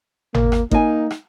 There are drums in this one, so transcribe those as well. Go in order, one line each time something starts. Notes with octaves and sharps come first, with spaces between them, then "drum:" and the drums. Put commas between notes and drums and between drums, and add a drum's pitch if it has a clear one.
A#3, drum: tom G#1
drum: rim click
A#3 D#4 G#5, drum: kick G1
drum: rim click